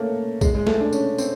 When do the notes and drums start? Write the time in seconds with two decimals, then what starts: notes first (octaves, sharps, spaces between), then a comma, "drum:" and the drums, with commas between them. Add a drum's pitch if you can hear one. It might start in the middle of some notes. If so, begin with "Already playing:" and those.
Already playing: A3 A#3 C#4
0.41 G#3, drum: kick, tambourine
0.55 G#3
0.67 A3, drum: snare A3
0.80 D4
0.93 C#4, drum: tambourine
1.18 C4, drum: tambourine